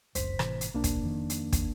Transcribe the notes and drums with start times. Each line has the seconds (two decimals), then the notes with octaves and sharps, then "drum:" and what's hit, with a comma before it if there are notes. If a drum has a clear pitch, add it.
0.15 G1 C#2 F#2 C5 B6, drum: hi-hat
0.39 A2 C3 E3, drum: rim click
0.61 drum: hi-hat
0.74 B1 A#3 D4
0.84 drum: kick, hi-hat
1.02 F2 D#3
1.30 drum: hi-hat
1.53 drum: kick, hi-hat